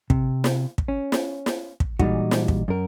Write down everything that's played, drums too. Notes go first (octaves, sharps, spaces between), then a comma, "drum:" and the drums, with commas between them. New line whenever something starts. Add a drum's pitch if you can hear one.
C3, drum: kick
drum: snare
drum: kick
C#4
drum: snare
drum: snare
drum: kick
A#2 E3 G3 G#3 D#4 F#4, drum: kick
drum: snare
drum: kick
F#2 A#4